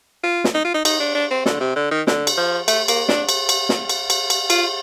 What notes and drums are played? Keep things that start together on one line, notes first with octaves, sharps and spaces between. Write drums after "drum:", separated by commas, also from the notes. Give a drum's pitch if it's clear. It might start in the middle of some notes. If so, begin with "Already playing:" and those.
F4
drum: snare
D#4
F4
D#4
D#4, drum: cymbal
D4
D4
C4
D3, drum: snare
C3
D3
D#3
D3, drum: snare
drum: cymbal
F3
A3, drum: cymbal
A#3, drum: cymbal
D4, drum: snare
drum: cymbal
drum: cymbal
drum: snare
drum: cymbal
drum: cymbal
drum: cymbal
F4, drum: cymbal